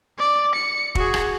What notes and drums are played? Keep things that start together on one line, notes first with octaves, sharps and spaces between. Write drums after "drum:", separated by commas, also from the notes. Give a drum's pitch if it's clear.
D5
C#7
F#4 G#4, drum: kick
drum: rim click